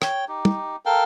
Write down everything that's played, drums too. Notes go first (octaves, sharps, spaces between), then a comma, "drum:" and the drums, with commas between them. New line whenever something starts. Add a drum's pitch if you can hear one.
C#5 G5, drum: rim click
D#4 G4
drum: tom
A4 A#4 F5 G5